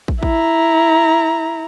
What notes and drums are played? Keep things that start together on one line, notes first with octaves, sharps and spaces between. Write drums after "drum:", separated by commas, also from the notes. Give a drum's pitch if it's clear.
drum: kick
E4 A#5, drum: kick